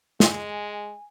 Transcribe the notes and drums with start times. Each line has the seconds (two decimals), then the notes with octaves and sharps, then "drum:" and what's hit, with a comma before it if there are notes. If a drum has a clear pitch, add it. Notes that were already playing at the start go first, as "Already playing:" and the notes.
0.20 G#3 G#5, drum: snare